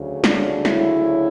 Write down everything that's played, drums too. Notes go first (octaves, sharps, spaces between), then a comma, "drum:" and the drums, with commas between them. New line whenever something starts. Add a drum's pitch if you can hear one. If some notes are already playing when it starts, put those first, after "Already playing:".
Already playing: D2 C#3 F#3
D4, drum: snare
E4, drum: snare